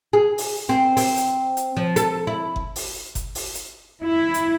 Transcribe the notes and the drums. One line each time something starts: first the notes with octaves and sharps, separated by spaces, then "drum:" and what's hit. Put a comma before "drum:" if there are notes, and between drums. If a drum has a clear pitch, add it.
G#4
drum: open hi-hat
C4
C4, drum: open hi-hat
drum: hi-hat
drum: hi-hat
F3
A4, drum: hi-hat
E4
drum: kick F#1
drum: open hi-hat
drum: kick F#1, hi-hat
drum: open hi-hat
drum: hi-hat
E4
drum: hi-hat